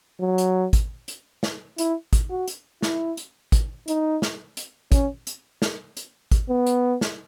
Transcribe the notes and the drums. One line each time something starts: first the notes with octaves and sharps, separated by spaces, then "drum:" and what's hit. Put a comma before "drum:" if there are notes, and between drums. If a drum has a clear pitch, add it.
F#3
drum: hi-hat
drum: kick, hi-hat
drum: hi-hat
drum: snare
E4, drum: hi-hat
drum: kick, hi-hat
F#4
drum: hi-hat
E4, drum: snare
drum: hi-hat
drum: kick, hi-hat
D#4, drum: hi-hat
drum: snare
drum: hi-hat
C#4, drum: kick, hi-hat
drum: hi-hat
drum: snare
drum: hi-hat
drum: kick, hi-hat
B3
drum: hi-hat
drum: snare